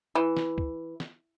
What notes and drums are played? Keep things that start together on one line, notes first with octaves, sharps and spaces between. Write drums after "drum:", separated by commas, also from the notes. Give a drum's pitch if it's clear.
E3
drum: snare
drum: kick
drum: snare